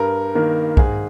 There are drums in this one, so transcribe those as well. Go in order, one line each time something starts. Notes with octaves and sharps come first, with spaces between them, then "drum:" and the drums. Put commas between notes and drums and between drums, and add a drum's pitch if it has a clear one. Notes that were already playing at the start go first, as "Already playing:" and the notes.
Already playing: G2 A#4
D#3 A#3
G#2 G#4, drum: kick